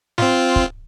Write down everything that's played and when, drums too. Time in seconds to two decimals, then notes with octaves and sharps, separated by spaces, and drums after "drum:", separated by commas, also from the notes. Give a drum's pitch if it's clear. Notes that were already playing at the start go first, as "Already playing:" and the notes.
0.18 C4 F4, drum: snare
0.56 drum: kick